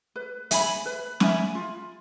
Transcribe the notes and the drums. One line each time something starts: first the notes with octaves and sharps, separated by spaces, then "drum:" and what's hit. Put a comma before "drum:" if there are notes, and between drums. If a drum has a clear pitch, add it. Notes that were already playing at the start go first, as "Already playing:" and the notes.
B4
E5 G#5 B5, drum: hi-hat
B4
E5 G#5 B5, drum: snare
F4